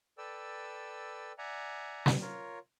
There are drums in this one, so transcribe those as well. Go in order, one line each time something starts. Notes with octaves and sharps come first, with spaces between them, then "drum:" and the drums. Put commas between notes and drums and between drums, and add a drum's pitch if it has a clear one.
A4 B4 D5 G5 E6
D5 E5 F#5 G#5 A#5
drum: snare
F4 A#4 C#5